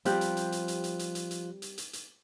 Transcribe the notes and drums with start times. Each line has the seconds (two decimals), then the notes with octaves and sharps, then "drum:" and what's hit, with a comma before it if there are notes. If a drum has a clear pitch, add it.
0.05 F3 G3 C4 F4 G4 F#6, drum: hi-hat
0.21 drum: hi-hat
0.37 drum: hi-hat
0.52 drum: hi-hat
0.68 drum: hi-hat
0.84 drum: hi-hat
0.99 drum: hi-hat
1.15 drum: hi-hat
1.31 drum: hi-hat
1.62 drum: hi-hat
1.78 drum: hi-hat
1.93 drum: hi-hat